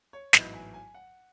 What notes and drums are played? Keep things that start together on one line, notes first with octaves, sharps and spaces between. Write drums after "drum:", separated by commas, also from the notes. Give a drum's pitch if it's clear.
C#5
A1 G#2 F#3 B3 E4 D#5, drum: snare
G#5
G#5
F#5